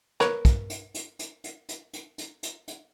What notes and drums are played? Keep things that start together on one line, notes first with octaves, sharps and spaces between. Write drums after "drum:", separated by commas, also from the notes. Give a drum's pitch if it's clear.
A#4 B4 C#5, drum: rim click
drum: kick, hi-hat
drum: hi-hat
drum: hi-hat
drum: hi-hat
drum: hi-hat
drum: hi-hat
drum: hi-hat
drum: hi-hat
drum: hi-hat
drum: hi-hat